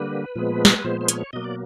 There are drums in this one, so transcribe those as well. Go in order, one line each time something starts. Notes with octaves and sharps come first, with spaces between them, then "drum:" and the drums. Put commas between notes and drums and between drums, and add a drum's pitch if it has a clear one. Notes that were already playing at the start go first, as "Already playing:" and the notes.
Already playing: D3 G3 A#3 B4
A#2 F3 G#3 B3
drum: snare
B4
A#2 F3 G#3 B3 C5
C5
C#5, drum: hi-hat
B2 F#3 A#3 D#5
D5